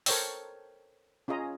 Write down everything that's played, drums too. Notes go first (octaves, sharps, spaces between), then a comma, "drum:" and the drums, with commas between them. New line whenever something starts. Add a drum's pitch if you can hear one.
A4 A#4 C5 C#5 G5 E6, drum: open hi-hat
C#4 F4 G#4 D#5 A#5